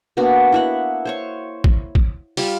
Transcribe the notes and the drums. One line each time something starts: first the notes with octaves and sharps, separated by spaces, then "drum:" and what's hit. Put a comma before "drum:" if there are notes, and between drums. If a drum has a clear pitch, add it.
A#3 B3 D4 F#4
E4 E5 F#5
C5 C#5 C#6
drum: kick
drum: kick
G3 F4, drum: open hi-hat